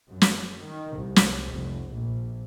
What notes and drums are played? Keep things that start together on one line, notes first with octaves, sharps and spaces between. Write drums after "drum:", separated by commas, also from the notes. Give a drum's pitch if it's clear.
F#2
drum: snare
D#3
C2
drum: snare
F1
A#1